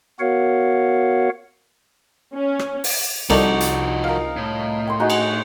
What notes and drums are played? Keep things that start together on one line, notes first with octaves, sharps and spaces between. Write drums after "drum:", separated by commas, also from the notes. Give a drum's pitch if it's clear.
B3 F#4 A#4 C#5 F5 F#5
C#4
drum: rim click
drum: open hi-hat
C2 F3 D#4 F#4 A4 D5 C#6, drum: cymbal
drum: hi-hat
F4 A#4
A2
G5 C6
D#4 F#4 G#4
drum: cymbal